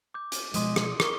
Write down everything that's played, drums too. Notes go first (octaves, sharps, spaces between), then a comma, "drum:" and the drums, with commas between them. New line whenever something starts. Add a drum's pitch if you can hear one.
D6 G6
drum: hi-hat
B2 F3 G#3 C6 D#6 D#7, drum: hi-hat
drum: rim click
A#4 C#6 D6 G7, drum: rim click